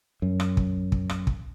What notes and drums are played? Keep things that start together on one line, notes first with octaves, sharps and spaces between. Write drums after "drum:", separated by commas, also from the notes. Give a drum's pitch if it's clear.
F#2
drum: rim click
drum: kick
drum: kick
drum: rim click
drum: kick